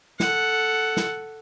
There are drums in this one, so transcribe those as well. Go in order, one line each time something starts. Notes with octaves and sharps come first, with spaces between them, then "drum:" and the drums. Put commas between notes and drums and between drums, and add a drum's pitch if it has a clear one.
A4 F#5, drum: snare
drum: snare